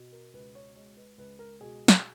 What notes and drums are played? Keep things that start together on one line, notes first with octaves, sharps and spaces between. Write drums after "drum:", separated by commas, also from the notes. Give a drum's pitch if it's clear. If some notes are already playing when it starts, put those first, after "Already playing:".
Already playing: B2
A#4
C#2 B4
C#5
G#3 C#5
B4
C#2 B4
A#4
B2 G#4
drum: snare